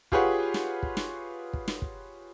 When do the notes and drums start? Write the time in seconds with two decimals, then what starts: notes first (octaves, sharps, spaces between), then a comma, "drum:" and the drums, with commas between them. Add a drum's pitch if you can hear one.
0.12 F4 G4 G#4 B4 C#5 F#5, drum: kick
0.54 drum: snare
0.83 drum: kick
0.97 drum: snare
1.53 drum: kick
1.68 drum: snare
1.82 drum: kick